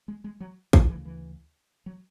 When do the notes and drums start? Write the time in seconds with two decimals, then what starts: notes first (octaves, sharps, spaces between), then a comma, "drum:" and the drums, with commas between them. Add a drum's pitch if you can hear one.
0.08 G#3
0.24 G#3
0.40 F#3
0.73 D3, drum: kick A#1
0.89 D2 C#3 E3
1.05 E3
1.86 F#3